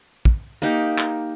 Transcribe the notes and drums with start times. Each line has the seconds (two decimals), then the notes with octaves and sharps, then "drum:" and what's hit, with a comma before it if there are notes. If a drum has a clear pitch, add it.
0.25 drum: kick
0.62 A#3 D#4 G4
0.98 drum: clap